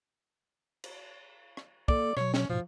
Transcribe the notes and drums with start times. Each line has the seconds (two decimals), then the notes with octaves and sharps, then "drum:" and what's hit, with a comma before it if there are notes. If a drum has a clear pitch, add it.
0.84 drum: cymbal
1.57 drum: rim click
1.88 A#3 A4 D5, drum: kick
2.17 B2 F#3 C#5, drum: rim click
2.34 C#4, drum: snare
2.49 G#2 B2 F3